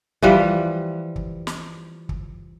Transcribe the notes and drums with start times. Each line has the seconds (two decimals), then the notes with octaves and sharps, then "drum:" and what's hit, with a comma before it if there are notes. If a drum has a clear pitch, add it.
0.23 E3 F3 G3 B4, drum: kick
1.16 drum: kick
1.47 drum: snare
2.09 drum: kick